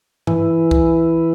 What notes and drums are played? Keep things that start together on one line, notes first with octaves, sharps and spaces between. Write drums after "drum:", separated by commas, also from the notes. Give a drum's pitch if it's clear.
E3, drum: tom G2
drum: kick C2